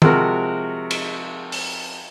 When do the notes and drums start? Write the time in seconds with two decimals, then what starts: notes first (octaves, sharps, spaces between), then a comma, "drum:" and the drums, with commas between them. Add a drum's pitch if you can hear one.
0.02 C3 F3 G#3 F#4 A#4, drum: tom
0.91 drum: cymbal
1.52 drum: open hi-hat